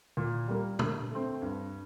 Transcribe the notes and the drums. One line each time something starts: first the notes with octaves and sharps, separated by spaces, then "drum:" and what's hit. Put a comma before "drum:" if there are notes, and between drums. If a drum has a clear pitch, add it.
A#2
G3 A#3
D3, drum: tom
A3 C4
G2